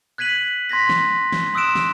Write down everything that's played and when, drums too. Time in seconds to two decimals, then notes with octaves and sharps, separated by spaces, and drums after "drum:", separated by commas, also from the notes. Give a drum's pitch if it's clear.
0.18 F#6 G#6 B6 D#7 F#7
0.69 C6 G#6 A#6 B6
0.89 drum: snare
1.32 drum: snare
1.54 C6 D#6 E6 F#6 D7 E7
1.75 drum: snare